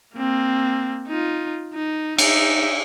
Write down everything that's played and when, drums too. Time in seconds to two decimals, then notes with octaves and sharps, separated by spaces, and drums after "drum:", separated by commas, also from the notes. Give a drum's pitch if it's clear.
0.15 A#3 C4
1.08 D#4 F4
1.74 D#4
2.18 D#4 E5, drum: cymbal